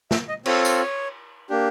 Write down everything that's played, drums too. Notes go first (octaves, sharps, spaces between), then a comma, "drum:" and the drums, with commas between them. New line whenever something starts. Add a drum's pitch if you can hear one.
E5, drum: snare
D#5
C4 F4 A4 C#5, drum: cymbal
drum: tambourine
A#3 D4 G4